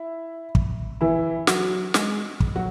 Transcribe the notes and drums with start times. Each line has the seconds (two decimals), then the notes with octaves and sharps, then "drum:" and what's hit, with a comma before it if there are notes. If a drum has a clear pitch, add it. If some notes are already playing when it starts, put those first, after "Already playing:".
Already playing: E4
0.55 drum: kick
1.01 E3 E4
1.47 F#3 F#4, drum: snare
1.94 G#3 G#4, drum: snare
2.40 drum: kick
2.56 F#3 F#4